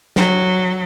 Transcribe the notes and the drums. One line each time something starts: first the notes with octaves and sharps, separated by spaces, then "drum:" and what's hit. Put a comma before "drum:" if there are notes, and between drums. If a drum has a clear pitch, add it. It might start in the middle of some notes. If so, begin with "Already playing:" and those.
F#3, drum: snare